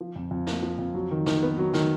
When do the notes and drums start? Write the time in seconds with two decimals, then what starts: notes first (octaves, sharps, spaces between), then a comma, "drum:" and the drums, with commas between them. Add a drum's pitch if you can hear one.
0.01 F3
0.16 F2
0.31 F2
0.47 A#3, drum: snare
0.63 F3
0.79 F2
0.94 F#3
1.11 D#3
1.26 D#3, drum: snare
1.42 B3
1.58 F#3
1.74 D#3, drum: snare